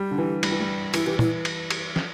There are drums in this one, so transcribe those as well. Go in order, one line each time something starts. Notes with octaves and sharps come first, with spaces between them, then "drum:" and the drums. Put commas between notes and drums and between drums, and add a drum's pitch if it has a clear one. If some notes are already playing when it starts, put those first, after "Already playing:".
Already playing: G3 G4
D3
E3
G3, drum: cymbal
E3
G3
E3 E4, drum: cymbal
E3 G4
E3 E4, drum: tom
drum: cymbal
drum: cymbal
drum: snare